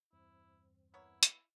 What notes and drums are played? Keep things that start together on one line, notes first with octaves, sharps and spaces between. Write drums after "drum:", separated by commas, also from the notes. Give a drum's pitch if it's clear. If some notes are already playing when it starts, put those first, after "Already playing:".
E2 G2 C4 E4
B3 E4 A#4 C#5
drum: hi-hat